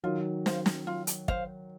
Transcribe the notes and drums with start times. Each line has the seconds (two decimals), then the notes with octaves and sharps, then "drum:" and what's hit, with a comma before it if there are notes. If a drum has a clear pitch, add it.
0.03 D#3 F#3 F4
0.46 C5 F5, drum: snare
0.66 drum: snare
0.87 F4
1.07 drum: hi-hat
1.28 C5 F5, drum: kick